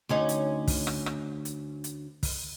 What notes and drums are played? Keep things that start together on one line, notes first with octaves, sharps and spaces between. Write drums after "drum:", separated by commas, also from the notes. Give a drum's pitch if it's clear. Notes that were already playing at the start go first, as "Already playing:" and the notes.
D2 C#4 D#4
drum: hi-hat
drum: kick, open hi-hat
drum: rim click
drum: rim click
drum: hi-hat
drum: hi-hat
drum: kick, open hi-hat